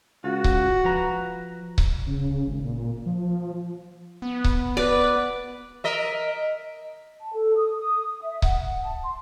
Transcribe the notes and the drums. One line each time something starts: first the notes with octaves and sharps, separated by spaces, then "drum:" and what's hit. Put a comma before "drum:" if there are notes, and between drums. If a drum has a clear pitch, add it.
C#2 F4 F#4
drum: kick C#1
F3 B4 A#5
drum: kick C#1
C#3
G#1
A#2
F3
B3
drum: kick C#1
B4 D5
A#4 D#5 E5
A5
A4
D#6
D#6
D#6
E5
F#5, drum: kick C#1
A5
C6